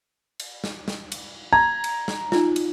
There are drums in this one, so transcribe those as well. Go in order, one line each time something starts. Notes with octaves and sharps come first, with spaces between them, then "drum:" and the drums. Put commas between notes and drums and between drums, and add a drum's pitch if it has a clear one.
drum: cymbal
drum: snare
drum: snare
drum: cymbal
A#5 G#6
drum: cymbal
drum: snare
D#4 F4, drum: snare
drum: cymbal